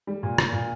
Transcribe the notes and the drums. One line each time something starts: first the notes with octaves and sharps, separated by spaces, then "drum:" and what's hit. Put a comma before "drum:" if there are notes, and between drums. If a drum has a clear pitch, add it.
G3
A#2
A#2, drum: rim click
A#2